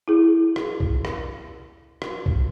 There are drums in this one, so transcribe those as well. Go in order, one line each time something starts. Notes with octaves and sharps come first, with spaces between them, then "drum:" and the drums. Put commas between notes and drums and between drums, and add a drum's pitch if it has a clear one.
E4 G#4
drum: rim click
drum: kick B1
drum: rim click
drum: rim click
drum: kick B1